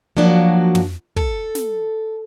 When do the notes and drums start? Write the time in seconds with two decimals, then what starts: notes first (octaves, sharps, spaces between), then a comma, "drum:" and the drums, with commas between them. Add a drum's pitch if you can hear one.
0.17 F3 F#3 A#3 D4 F#4
0.75 drum: tom
1.16 A4, drum: kick
1.55 drum: snare